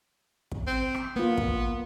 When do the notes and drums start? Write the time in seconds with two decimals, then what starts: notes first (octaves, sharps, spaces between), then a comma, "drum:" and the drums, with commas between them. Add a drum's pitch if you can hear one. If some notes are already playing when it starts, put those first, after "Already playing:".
0.52 drum: kick
0.67 C4
0.95 drum: rim click
1.16 A#3 B3 F4
1.38 drum: kick